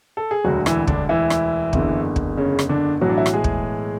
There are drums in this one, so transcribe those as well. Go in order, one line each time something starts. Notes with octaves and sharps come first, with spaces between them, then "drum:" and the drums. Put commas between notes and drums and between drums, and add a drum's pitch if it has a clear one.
A4
G#4
E1 D2 D3 F#3 F#4
E3 E4, drum: rim click
D3 D4, drum: kick
E3 E4
drum: rim click
F#1 E2 D3, drum: kick
drum: kick
C#3 C#4
drum: rim click
D3 D4
B1 A2 E3 F#3 F#4
D4
E4
F#4, drum: rim click
G#3 G#4
drum: kick